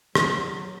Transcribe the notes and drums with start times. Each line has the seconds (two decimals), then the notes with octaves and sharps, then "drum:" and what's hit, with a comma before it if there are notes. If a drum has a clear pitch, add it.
0.15 F#3, drum: rim click